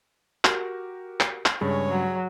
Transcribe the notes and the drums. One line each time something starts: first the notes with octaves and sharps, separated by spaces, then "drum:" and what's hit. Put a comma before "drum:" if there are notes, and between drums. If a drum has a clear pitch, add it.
F#4 G4 A#4, drum: clap
drum: clap
drum: clap
G2 C#3 G#3 G#4 C#5
F#3